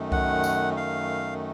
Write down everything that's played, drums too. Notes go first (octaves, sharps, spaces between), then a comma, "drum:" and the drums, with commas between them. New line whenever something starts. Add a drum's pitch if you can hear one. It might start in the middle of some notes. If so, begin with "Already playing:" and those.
Already playing: F#2 D#3 A3
F#5, drum: kick C2
drum: tambourine
F5